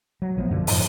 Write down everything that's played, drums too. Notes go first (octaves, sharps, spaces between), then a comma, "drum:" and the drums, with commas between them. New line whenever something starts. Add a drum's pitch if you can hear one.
F#3
A#1 F3 A3 B3
F#2 B2 D3 F3
F2 G#2 F3, drum: open hi-hat